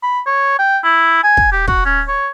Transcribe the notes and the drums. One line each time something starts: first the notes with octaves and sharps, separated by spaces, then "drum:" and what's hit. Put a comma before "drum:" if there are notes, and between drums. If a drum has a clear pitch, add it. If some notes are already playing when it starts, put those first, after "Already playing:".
B5
C#5
G5
E4
G#5
drum: kick
G4
F#4, drum: kick
C#4
C#5